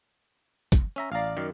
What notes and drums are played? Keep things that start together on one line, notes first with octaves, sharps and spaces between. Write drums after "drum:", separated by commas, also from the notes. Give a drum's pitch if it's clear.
drum: kick, hi-hat
C#4 E5 A#5
A1 D5 F5 A#5
F#2 D#3